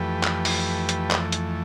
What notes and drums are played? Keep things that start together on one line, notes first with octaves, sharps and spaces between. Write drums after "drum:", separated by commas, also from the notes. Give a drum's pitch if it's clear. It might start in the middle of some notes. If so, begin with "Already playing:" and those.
Already playing: F2 E3 A3 G4 B4
drum: clap
drum: open hi-hat
drum: hi-hat
drum: clap
drum: hi-hat